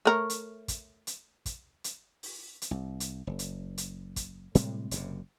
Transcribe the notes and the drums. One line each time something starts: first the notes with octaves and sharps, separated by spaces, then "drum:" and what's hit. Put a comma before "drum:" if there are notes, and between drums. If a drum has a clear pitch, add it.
A3 A#4 C#5
drum: hi-hat
drum: kick, hi-hat
drum: hi-hat
drum: kick, hi-hat
drum: hi-hat
drum: open hi-hat
drum: hi-hat
C2
drum: hi-hat
F#1
drum: hi-hat
drum: hi-hat
drum: kick, hi-hat
A2 C3 G3 G#3, drum: hi-hat
F#1 F#2 C3, drum: hi-hat